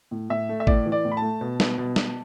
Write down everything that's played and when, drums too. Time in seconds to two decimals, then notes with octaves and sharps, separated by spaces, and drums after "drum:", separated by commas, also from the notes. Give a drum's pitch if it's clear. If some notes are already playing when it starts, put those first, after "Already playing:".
0.11 A2
0.30 A2 E5
0.49 A3
0.60 E5
0.67 A2 D5, drum: kick
0.86 E3
0.92 D5
1.05 A2
1.12 B5
1.17 A3 A5
1.41 B2
1.60 B2, drum: snare
1.78 B2
1.96 B2, drum: snare